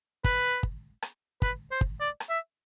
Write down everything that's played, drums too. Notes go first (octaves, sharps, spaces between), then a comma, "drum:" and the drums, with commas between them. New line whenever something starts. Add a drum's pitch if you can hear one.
B4, drum: kick
drum: kick
drum: rim click
B4, drum: kick
C5
drum: kick
D5
drum: rim click
E5